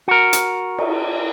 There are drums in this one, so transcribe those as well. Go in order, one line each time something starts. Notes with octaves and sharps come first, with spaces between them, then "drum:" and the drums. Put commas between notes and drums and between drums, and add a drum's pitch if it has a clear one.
F#4 A#4
drum: hi-hat
drum: cymbal